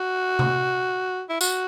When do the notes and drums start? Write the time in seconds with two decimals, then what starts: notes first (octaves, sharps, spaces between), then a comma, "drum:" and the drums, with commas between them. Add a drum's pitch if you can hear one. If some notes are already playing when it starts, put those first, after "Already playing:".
Already playing: F#4
0.39 drum: tom C3
1.29 E4
1.41 F#4, drum: tambourine